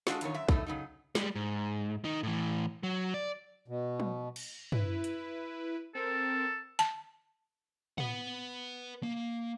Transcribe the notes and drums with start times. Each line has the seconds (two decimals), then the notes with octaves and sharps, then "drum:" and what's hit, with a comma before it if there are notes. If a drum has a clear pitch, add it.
0.07 G#3 D4 F4 F#4 A4, drum: snare
0.21 E2 A#2 D#3 C#5, drum: hi-hat
0.34 F#2 E5
0.49 G2 E3 A3 D#4, drum: kick
0.66 C#3 F#3 D#4
1.15 G3 G#3, drum: snare
1.35 G#2
2.04 D#3 D#4
2.23 A2 E3
2.83 F#3
3.14 D5
3.68 B2
4.00 drum: tom
4.36 drum: cymbal
4.72 E4 B4, drum: tom
5.04 drum: hi-hat
5.95 C4 A4 A#4
6.79 A5, drum: hi-hat
7.98 B4 F#5, drum: tom
9.03 A#3